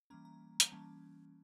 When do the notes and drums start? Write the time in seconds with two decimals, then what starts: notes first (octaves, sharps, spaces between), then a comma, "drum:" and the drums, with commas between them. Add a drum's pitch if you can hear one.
0.10 E3 G3 A#3 C#4 A#5
0.25 A#5
0.60 A#5, drum: hi-hat
0.72 E3 G3 A#3 C#4 A5